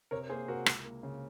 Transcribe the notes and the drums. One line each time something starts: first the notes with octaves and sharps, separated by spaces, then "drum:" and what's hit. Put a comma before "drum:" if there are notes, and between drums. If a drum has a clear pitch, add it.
C3 A#4 C#5
A#3 G#4 C5
C3 F#4 A#4
C#2, drum: rim click
A#3
C#3